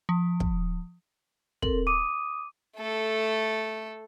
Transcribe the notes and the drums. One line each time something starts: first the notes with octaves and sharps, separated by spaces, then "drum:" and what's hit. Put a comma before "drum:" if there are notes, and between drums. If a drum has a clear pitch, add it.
F3
drum: kick
C4 A4 A#4 F#7, drum: kick
D6 D#6 D#7
A3 A4